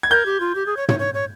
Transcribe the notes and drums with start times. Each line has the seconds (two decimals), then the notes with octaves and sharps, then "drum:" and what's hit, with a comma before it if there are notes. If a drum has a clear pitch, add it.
0.03 G#6
0.10 A#4 G6
0.26 G4
0.40 F4
0.55 G4
0.66 G#4
0.77 C#5
0.89 C#5, drum: tom
0.99 C#5
1.14 C#5